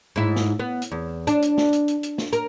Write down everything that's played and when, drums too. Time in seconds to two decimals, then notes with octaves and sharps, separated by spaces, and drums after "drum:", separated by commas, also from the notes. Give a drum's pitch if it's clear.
0.16 G#2 E4
0.36 drum: snare
0.59 B3
0.82 drum: hi-hat
0.92 E2
1.27 D4, drum: hi-hat
1.42 drum: hi-hat
1.58 drum: snare
1.73 drum: hi-hat
1.88 drum: hi-hat
2.03 drum: hi-hat
2.18 drum: snare
2.33 A#4, drum: hi-hat